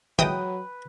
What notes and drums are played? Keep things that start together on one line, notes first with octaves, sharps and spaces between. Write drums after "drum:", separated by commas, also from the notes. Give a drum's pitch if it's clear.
E3 F#3 G#3 B4 G5 G#5 D#6, drum: tom D#3